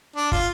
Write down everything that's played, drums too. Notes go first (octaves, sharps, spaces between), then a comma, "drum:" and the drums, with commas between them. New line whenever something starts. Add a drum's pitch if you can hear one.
D4
F4, drum: kick